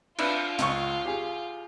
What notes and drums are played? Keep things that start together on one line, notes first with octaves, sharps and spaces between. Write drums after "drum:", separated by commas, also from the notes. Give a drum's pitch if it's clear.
D4 F4 B4 E5, drum: cymbal
C#2 C#6, drum: hi-hat
G4 G#4